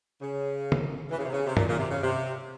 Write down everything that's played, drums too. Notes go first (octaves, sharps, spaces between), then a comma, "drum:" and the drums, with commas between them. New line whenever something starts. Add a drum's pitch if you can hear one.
C#3
drum: tom
E3
C#3
C3
C#3
C3
A#2, drum: tom G2
A#2
C3
C#3
C3